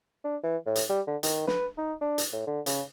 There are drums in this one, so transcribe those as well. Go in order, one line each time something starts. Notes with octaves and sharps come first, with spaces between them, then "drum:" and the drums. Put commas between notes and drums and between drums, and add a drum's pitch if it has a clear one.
D4
E3
A2
drum: hi-hat
G3
D3
D#3, drum: hi-hat
B4, drum: snare
D#4
D4
drum: hi-hat
A2
D3
C#3, drum: hi-hat